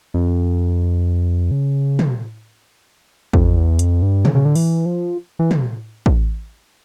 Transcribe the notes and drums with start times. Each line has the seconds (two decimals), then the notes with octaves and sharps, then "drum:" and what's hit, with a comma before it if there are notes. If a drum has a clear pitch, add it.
0.14 F2
1.51 C#3
1.99 drum: tom
3.33 F2, drum: kick
3.57 E2
3.79 F2, drum: hi-hat
4.02 G2
4.25 C#3, drum: tom
4.35 C#3
4.45 D3
4.55 E3, drum: open hi-hat
4.86 F3
5.39 E3
5.51 drum: tom
6.06 drum: kick